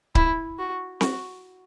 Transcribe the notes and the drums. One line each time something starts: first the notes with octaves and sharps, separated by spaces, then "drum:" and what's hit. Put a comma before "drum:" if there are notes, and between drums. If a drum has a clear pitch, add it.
E4, drum: kick C#1
F#4
F#4, drum: snare C4